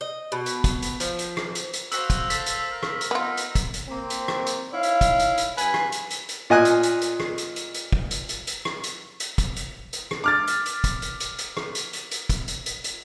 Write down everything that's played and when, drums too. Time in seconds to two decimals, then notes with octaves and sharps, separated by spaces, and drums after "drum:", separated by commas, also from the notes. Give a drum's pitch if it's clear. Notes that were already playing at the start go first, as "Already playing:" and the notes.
0.01 D#5
0.32 B2
0.46 drum: hi-hat
0.64 drum: kick, hi-hat
0.82 drum: hi-hat
1.00 F3, drum: hi-hat
1.19 drum: hi-hat
1.37 drum: rim click
1.55 drum: hi-hat
1.73 drum: hi-hat
1.92 F#4 C5 F5 E6, drum: hi-hat
2.10 drum: kick, hi-hat
2.30 A4 B6, drum: hi-hat
2.46 drum: hi-hat
2.71 A#4
2.83 drum: rim click
3.01 drum: hi-hat
3.11 B3 D#4 F4
3.37 drum: hi-hat
3.55 drum: kick, hi-hat
3.74 drum: hi-hat
3.88 A#3 C4
4.10 drum: hi-hat
4.28 drum: rim click
4.47 drum: hi-hat
4.72 D#4 E4 C#5 F5
4.83 drum: hi-hat
5.01 drum: kick, hi-hat
5.19 drum: hi-hat
5.38 drum: hi-hat
5.58 G2 B4 G#5, drum: hi-hat
5.74 drum: rim click
5.92 drum: hi-hat
6.10 drum: hi-hat
6.29 drum: hi-hat
6.50 A#2 D#5 G#5 F#6
6.65 drum: hi-hat
6.83 drum: hi-hat
7.01 drum: hi-hat
7.20 drum: rim click
7.38 drum: hi-hat
7.56 drum: hi-hat
7.74 drum: hi-hat
7.92 drum: kick
8.11 drum: hi-hat
8.29 drum: hi-hat
8.47 drum: hi-hat
8.65 drum: rim click
8.84 drum: hi-hat
9.20 drum: hi-hat
9.38 drum: kick, hi-hat
9.56 drum: hi-hat
9.93 drum: hi-hat
10.11 drum: rim click
10.24 D6 F6 A6
10.47 drum: hi-hat
10.66 drum: hi-hat
10.84 drum: kick, hi-hat
11.02 drum: hi-hat
11.20 drum: hi-hat
11.38 drum: hi-hat
11.57 drum: rim click
11.75 drum: hi-hat
11.93 drum: hi-hat
12.11 drum: hi-hat
12.29 drum: kick, hi-hat
12.48 drum: hi-hat
12.66 drum: hi-hat
12.84 drum: hi-hat